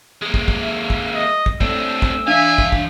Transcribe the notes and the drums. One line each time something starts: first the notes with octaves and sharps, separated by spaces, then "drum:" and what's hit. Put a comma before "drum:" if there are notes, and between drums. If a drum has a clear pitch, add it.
G#3 A#3
drum: kick
drum: kick
E5
drum: kick
D#5
drum: kick
A3 C4 D4 E6, drum: kick
drum: kick
E3 D4 E5 F5 G#5
drum: kick
drum: kick